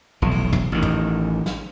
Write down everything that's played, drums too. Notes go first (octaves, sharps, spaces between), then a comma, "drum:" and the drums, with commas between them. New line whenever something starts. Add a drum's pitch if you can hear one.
F1 B1 E3
drum: cymbal
drum: tom
A1 D#3
drum: tom
drum: snare